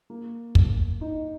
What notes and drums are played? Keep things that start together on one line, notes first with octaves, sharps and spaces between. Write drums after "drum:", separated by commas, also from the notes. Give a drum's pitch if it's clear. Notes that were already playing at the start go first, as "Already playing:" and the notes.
A#3
drum: kick
D#4